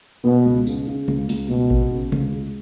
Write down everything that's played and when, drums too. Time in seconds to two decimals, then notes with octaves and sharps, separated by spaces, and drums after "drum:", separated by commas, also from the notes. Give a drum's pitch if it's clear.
0.24 B2 B3
0.46 C#2
0.67 C#3, drum: tambourine
0.87 C#3
1.08 C#2, drum: tom C3
1.29 C#2, drum: open hi-hat
1.49 C#2 B2
1.70 B3, drum: kick A1
1.91 C#3
2.12 C#2, drum: tom C3
2.33 G#3